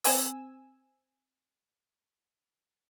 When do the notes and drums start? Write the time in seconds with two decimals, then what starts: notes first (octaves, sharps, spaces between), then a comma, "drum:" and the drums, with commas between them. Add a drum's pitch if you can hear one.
0.04 C4 G#5 E6, drum: open hi-hat